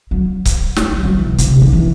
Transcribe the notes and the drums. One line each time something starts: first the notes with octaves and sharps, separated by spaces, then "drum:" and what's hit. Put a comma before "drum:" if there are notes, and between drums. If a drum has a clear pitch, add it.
F#3
drum: kick C#1, hi-hat
drum: snare
G3
F#3
E3
B2
C3, drum: hi-hat
D3
D#3
E3